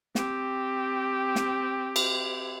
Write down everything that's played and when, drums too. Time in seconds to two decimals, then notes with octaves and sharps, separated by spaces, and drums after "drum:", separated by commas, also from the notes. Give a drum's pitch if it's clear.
0.15 C4 G4, drum: snare
1.36 drum: snare
1.96 drum: cymbal